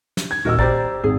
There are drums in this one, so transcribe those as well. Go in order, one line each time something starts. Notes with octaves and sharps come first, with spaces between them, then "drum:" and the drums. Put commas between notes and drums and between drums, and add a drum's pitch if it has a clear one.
drum: snare
G#6
D#1 F#4 A#4 D#5 E6
G4 C5 D5 A#5 A6, drum: kick A#1
G#1 G#4